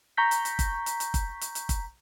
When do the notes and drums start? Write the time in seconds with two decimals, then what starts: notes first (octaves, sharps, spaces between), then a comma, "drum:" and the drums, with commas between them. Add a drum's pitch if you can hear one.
0.17 A#5 C#6 G6 B6
0.31 drum: hi-hat
0.45 drum: hi-hat
0.59 drum: kick, hi-hat
0.86 drum: hi-hat
1.00 drum: hi-hat
1.14 drum: kick, hi-hat
1.41 drum: hi-hat
1.55 drum: hi-hat
1.69 drum: kick, hi-hat